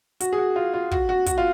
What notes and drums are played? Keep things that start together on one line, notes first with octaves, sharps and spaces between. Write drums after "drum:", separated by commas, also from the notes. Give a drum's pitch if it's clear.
F#4, drum: hi-hat
G#4
F#4
F4
F4
F#4, drum: kick
F#4
F#4, drum: kick, hi-hat
F4